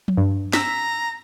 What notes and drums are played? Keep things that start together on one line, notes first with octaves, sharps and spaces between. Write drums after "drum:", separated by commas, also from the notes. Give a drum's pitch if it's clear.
drum: tom F3
G2
A#5 E6 B6, drum: snare